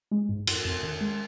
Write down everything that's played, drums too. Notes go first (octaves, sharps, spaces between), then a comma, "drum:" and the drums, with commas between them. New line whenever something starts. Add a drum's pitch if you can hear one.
G#3
G#2
F2, drum: cymbal
F2
D#3
G#3